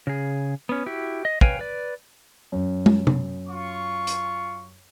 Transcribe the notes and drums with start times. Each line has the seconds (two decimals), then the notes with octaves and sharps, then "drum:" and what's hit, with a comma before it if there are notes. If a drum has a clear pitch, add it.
0.07 C#3 G#4
0.69 B3 C#4
0.86 E4 F#4 G4
1.25 D#5
1.41 B4 C#5 F5 G5 G#5, drum: kick
1.59 B4 D5
2.52 F#2
2.86 drum: tom
3.07 drum: tom C3
3.48 F4 C#6
4.07 drum: hi-hat